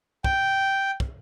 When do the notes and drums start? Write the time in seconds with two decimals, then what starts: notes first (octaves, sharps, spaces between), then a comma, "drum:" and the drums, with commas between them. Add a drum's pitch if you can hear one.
0.24 G5, drum: kick
1.00 drum: kick